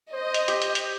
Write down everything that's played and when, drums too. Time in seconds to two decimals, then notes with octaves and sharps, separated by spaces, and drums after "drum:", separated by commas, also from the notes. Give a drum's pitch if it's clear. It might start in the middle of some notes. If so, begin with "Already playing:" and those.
0.13 C5 D#5
0.34 drum: hi-hat
0.48 G4, drum: hi-hat
0.62 drum: hi-hat
0.75 drum: hi-hat